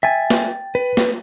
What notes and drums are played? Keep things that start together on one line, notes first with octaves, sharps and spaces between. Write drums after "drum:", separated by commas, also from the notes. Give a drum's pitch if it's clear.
E5 G5 G#5 A6
drum: snare
B4
drum: snare